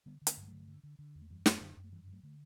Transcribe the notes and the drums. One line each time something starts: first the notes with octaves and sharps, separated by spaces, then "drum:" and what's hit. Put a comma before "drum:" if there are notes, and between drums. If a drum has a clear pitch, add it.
D3 G3 B3
D3
A3 C#4, drum: hi-hat
G2
G3
D3 F#3 A3
D3
D3
D3
E2
A3
F#2 E3 G3
F#2, drum: snare
F#2 D3 F#3
F#2
A3
G2 E3 G3
D3
F#3 A3
D3 A3